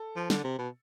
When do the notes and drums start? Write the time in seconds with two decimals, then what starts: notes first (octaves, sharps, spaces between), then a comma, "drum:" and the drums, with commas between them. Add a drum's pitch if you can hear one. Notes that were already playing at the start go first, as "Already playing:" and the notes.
Already playing: A4
0.16 F3
0.30 D3, drum: snare
0.44 C3
0.58 B2